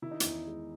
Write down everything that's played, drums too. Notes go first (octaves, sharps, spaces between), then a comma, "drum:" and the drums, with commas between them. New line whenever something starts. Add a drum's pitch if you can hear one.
D#3 E4
D#4
E2 E4, drum: hi-hat
G#3